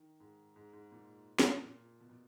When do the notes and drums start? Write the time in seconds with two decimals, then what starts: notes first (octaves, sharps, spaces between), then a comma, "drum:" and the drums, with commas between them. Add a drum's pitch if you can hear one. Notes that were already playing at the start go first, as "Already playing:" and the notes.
Already playing: D#3
0.20 G#2
0.56 G#2
0.73 G#2
0.92 A#2
1.39 drum: snare
1.64 A#2
2.00 B2
2.09 A#2